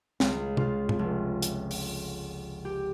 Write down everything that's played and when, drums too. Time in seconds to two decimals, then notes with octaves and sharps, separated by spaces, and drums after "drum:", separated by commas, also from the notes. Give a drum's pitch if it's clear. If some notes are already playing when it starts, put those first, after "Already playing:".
0.20 C#2, drum: snare
0.57 F4, drum: tom C3
0.89 drum: tom A2
0.99 F1
1.42 drum: hi-hat
1.71 drum: open hi-hat
2.65 G4